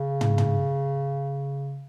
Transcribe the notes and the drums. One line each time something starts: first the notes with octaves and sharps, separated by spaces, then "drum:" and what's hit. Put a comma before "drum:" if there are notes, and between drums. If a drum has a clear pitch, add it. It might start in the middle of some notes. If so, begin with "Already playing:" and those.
Already playing: C#3
drum: tom
drum: tom